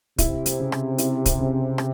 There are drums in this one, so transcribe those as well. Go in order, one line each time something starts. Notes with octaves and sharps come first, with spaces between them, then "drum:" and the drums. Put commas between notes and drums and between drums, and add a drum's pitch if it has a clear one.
C3 E4, drum: kick, hi-hat
drum: hi-hat
C#3
drum: rim click
E4, drum: hi-hat
drum: kick, hi-hat
C#3
C4, drum: rim click